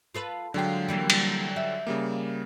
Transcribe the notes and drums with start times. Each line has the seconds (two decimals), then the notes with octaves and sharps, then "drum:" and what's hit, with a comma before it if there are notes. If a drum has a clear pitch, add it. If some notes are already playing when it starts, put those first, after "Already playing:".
0.14 F4 A4 B4
0.54 D3 F#3 G#3 F4 G5
0.88 E3 G3 A#3
1.10 drum: cymbal
1.56 E5
1.87 C#3 G3 A#3